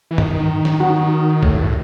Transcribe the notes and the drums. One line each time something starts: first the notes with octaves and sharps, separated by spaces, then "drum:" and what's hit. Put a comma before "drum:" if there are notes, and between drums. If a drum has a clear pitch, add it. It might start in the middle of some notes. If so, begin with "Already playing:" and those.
E3
D#3, drum: tom G2
drum: snare
D#3 F#4
A2, drum: kick C2
G2
A2